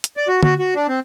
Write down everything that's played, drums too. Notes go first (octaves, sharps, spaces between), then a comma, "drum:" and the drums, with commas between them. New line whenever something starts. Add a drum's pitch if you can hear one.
drum: hi-hat
D5
F#4
F#4, drum: tom D3
F#4
D4
C4